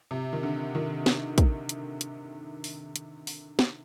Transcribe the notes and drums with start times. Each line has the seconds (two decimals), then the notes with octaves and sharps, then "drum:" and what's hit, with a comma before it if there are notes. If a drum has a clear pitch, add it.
0.11 C3
0.33 D#3
0.43 D3
0.75 D#3
1.06 drum: snare
1.38 drum: kick, hi-hat
1.69 drum: hi-hat
2.01 drum: hi-hat
2.64 drum: open hi-hat
2.96 drum: hi-hat
3.27 drum: open hi-hat
3.59 drum: snare